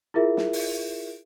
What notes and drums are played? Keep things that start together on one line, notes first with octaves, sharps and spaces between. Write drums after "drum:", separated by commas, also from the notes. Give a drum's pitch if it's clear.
E4 F4 G#4 A#4 E5
drum: snare
drum: open hi-hat